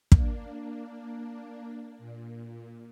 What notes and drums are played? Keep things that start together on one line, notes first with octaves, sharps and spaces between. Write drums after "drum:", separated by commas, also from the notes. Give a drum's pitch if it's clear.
A#3 D4, drum: kick
A#2